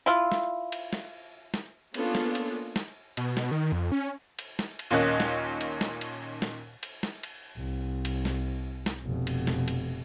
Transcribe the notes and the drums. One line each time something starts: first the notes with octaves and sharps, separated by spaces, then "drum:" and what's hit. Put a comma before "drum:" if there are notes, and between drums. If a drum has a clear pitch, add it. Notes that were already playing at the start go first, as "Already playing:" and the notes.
E4 F4
drum: snare
drum: cymbal
drum: snare
drum: snare
A#3 B3 C#4 D4 F4 A4, drum: cymbal
drum: snare
drum: cymbal
drum: snare
B2, drum: cymbal
drum: snare
D#3
F2
C#4
drum: cymbal
drum: snare
drum: cymbal
D#2 A#2 D#3 C#4 D#5 F#6
drum: snare
drum: cymbal
drum: snare
drum: cymbal
drum: snare
drum: cymbal
drum: snare
drum: cymbal
C2
drum: cymbal
drum: snare
drum: snare
F1 B2
drum: cymbal
drum: snare
drum: cymbal